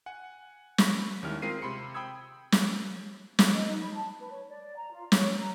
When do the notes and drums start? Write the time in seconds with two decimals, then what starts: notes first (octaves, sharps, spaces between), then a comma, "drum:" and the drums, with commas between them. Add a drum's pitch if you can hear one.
0.06 F#5 G#5
0.78 B5 C#6 A#6 B6, drum: snare
1.23 D#2 D#3 G3 C#4 E4 F6
1.42 G#3 C4 F4 A#4 C7 D#7
1.62 C3 B5 C6 C#7
1.94 G5 B5 D#6 E6 G#6
2.52 drum: snare
3.39 drum: snare
3.53 D#5
3.67 D#4
3.82 B5
3.95 A5
4.19 B4
4.31 C#5
4.50 D5
4.77 A#5
4.91 F4
5.12 C#5, drum: snare
5.38 A#5